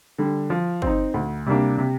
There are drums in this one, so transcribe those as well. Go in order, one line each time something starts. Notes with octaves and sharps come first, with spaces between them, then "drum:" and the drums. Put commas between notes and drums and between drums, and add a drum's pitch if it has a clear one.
D3 G3
F3
C4 D#4, drum: kick
D2
C3 G3 A#3 D4
C3